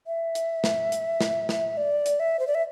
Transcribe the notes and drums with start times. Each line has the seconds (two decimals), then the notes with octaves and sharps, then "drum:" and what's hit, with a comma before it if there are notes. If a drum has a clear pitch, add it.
0.07 E5
0.35 drum: hi-hat
0.64 drum: snare
0.92 drum: hi-hat
1.21 drum: snare
1.49 drum: snare
1.77 D5
2.06 drum: hi-hat
2.20 E5
2.39 C5
2.47 D5
2.55 E5